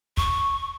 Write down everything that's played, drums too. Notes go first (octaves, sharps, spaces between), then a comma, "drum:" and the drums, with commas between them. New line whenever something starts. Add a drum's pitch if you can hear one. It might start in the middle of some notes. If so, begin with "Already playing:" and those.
C#6, drum: kick